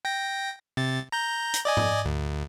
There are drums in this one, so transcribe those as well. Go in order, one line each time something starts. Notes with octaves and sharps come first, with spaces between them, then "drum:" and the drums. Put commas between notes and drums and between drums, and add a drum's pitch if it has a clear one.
G5 A#6
C3 A6
A#5 G6
drum: hi-hat
D5 D#5 G#5
drum: tom G#2
D2